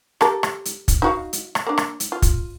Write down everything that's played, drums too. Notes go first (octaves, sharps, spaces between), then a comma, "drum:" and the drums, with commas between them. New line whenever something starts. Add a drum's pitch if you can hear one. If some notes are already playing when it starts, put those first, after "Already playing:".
G4 A4 A#4, drum: rim click
drum: rim click
drum: hi-hat
drum: kick, hi-hat
D#4 F#4 F5
drum: hi-hat
drum: rim click
A#3 D4
drum: rim click
drum: hi-hat
F4
drum: kick, hi-hat